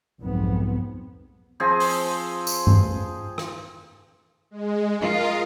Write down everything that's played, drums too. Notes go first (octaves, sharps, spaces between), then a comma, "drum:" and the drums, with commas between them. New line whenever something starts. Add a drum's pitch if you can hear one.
B1 F2 G#2 B3
F3 C4 G#4
drum: open hi-hat
drum: tambourine
drum: tom G2
drum: rim click
G#3
F4 A#4 D#5 F5